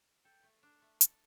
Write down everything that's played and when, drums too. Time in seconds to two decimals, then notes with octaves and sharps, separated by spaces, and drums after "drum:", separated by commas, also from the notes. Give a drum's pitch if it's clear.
0.25 A4 G5
0.43 A3
0.63 D4
0.82 A3
1.01 A4 F5, drum: hi-hat